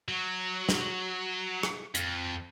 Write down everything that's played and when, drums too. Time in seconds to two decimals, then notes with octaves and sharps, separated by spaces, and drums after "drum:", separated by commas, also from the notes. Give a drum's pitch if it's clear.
0.09 F#3
0.69 drum: snare
1.63 drum: rim click
1.95 F2, drum: hi-hat